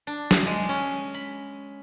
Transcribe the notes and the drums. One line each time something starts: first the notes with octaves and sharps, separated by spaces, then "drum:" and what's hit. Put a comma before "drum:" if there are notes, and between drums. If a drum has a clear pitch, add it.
D4
drum: snare
G#3
C#4
B5